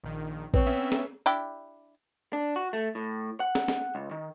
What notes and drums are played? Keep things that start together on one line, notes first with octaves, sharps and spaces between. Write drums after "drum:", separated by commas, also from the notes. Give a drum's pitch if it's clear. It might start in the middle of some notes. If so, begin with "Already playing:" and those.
A#1 D#3
B2 C4 B4 C#5 C#6, drum: kick A#1
B3 C#4 E5
drum: snare
D4 E4 G4
D4
F#4
A3
A2
F#5
drum: snare
drum: snare
C#2
D#3